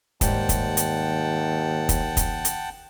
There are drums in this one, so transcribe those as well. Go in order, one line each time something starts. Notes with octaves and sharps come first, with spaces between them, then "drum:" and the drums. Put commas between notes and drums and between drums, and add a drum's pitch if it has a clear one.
D#2 G#2 G3 F#5 G5 A5, drum: kick, hi-hat
drum: kick, hi-hat
drum: hi-hat
drum: kick, hi-hat
drum: kick, hi-hat
drum: hi-hat